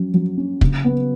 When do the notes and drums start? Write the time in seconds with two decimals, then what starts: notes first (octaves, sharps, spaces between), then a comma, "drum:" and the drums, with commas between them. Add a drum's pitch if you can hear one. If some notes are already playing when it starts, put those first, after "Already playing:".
Already playing: F#3 C#4
0.14 F#3
0.37 C#4
0.61 C#3, drum: kick
0.84 B3